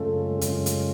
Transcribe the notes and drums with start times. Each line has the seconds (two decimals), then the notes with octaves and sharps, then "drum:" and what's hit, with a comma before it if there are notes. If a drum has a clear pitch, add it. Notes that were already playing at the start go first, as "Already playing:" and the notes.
Already playing: F#2 C#3 G#3 A3 C#4 F4
0.41 F#2 C#3 G#3 C#4 F4, drum: hi-hat
0.66 drum: hi-hat